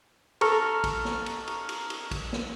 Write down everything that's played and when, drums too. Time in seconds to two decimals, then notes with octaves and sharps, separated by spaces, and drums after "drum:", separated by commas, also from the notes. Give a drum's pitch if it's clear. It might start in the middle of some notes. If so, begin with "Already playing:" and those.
0.41 A4 A#5 C#6 F6, drum: cymbal
0.84 drum: kick, cymbal
1.05 drum: snare
1.26 drum: cymbal
1.47 drum: cymbal
1.69 drum: cymbal
1.90 drum: cymbal
2.11 drum: kick, cymbal
2.33 drum: snare